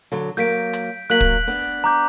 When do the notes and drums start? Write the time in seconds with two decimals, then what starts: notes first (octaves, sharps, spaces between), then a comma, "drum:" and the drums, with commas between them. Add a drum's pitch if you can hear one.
0.12 D3 F#3
0.37 F#3 A#3 G6 B6 D7
0.73 drum: hi-hat
1.10 F#3 A#3 F#6 B6 F#7
1.21 drum: kick
1.47 B3 D4
1.84 A#5 D6 G6